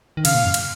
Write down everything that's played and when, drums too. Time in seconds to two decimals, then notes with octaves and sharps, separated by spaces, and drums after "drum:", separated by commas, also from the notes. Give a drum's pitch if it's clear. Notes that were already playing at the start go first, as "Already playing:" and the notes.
0.17 D#3
0.25 C#3 F5, drum: cymbal
0.34 A#2
0.45 F#2
0.54 drum: cymbal